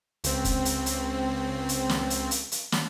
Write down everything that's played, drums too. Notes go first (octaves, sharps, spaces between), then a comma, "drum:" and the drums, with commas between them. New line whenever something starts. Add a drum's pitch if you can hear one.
C#2 C4, drum: hi-hat
drum: kick, hi-hat
drum: hi-hat
drum: hi-hat
drum: hi-hat
drum: snare
drum: hi-hat
drum: hi-hat
drum: hi-hat
drum: snare